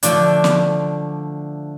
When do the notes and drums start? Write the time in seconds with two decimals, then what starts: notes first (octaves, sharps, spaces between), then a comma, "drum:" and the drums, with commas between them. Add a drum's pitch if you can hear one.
0.03 D3 F3 A3 D4, drum: hi-hat
0.44 drum: snare